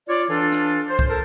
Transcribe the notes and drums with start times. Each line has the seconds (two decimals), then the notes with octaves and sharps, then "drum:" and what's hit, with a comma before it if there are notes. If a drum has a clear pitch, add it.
0.08 F4 C#5 D5
0.29 E3 D4 F4 A4
0.52 drum: rim click
0.88 C5
0.99 drum: kick C2
1.09 A4 A#4 A5